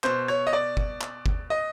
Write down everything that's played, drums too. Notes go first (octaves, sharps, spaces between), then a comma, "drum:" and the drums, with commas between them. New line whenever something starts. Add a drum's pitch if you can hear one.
B2 C5, drum: clap
C#5
D#5
D5
drum: kick G1
drum: clap
drum: kick G1
D#5